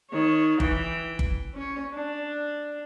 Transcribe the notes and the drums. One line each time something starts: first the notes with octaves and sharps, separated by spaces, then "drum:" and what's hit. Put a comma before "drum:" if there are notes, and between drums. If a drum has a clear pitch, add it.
D#3 C#5
E3 G5, drum: kick G1
drum: kick G1
C#4 C#5
D4